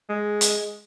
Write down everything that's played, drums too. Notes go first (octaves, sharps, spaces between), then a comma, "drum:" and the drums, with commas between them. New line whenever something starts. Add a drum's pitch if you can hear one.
G#3
drum: hi-hat